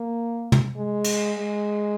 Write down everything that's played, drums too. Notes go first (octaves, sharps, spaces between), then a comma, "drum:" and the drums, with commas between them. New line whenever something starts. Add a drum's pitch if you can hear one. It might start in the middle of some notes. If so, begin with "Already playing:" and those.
Already playing: A#3
drum: tom
G#3
drum: cymbal
G#3